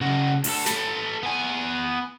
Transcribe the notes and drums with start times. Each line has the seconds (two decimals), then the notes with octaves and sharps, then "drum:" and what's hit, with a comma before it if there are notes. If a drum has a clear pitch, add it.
0.01 C#3 F#4
0.44 D2 A4, drum: open hi-hat
0.66 A4 B4, drum: snare
1.23 B3 G#5